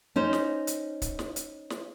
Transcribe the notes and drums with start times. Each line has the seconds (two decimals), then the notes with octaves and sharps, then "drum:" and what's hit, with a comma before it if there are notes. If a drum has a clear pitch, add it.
0.16 C#4 D#4 C5
0.33 drum: snare
0.67 drum: hi-hat
1.02 drum: kick, hi-hat
1.19 drum: snare
1.36 drum: hi-hat
1.70 drum: snare